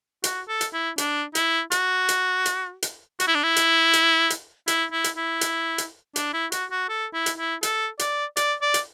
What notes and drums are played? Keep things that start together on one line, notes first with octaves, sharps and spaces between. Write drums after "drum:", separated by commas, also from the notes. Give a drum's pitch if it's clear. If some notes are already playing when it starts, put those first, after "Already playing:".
F#4, drum: hi-hat
A4
drum: hi-hat
E4
D4, drum: hi-hat
E4, drum: hi-hat
F#4, drum: hi-hat
drum: hi-hat
drum: hi-hat
drum: hi-hat
F#4, drum: hi-hat
E4
D4
E4
drum: hi-hat
drum: hi-hat
drum: hi-hat
E4, drum: hi-hat
E4
drum: hi-hat
E4
drum: hi-hat
drum: hi-hat
D4, drum: hi-hat
E4
F#4, drum: hi-hat
F#4
A4
E4
drum: hi-hat
E4
A4, drum: hi-hat
D5, drum: hi-hat
D5, drum: hi-hat
D5
drum: hi-hat